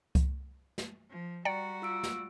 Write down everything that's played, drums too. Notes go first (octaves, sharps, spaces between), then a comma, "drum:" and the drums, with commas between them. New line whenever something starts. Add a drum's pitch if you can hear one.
drum: kick C2, hi-hat
drum: snare
F3
G3 F#4 D5 G5 A#5 C#7
F4 E6 D7
drum: snare